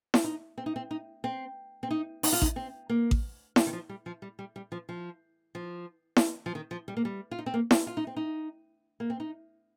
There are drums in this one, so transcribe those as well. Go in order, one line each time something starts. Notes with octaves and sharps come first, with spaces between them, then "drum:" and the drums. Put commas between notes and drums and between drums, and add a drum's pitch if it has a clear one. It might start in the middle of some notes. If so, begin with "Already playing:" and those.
drum: snare E4
D#4
C4
D#4
C4
D#4
C4
C4
D#4
D#4, drum: open hi-hat
F4
D#4, drum: kick A1
C4
A#3
drum: kick A1
G3, drum: snare E4
D#3
F3
G3
F3
G3
G3
G3
F3
F3
F3
drum: snare E4
F3
D#3
F3
G3
A#3
G3
F4
D#4
C4
A#3
C4, drum: snare E4
F4
D#4
C4
D#4
A#3
C4
D#4